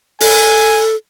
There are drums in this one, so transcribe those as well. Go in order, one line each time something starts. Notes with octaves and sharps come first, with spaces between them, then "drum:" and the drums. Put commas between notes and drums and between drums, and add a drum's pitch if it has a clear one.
A4 G#5, drum: open hi-hat